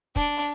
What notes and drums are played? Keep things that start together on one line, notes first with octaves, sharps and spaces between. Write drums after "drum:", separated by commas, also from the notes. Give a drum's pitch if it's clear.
D4, drum: kick, hi-hat
drum: open hi-hat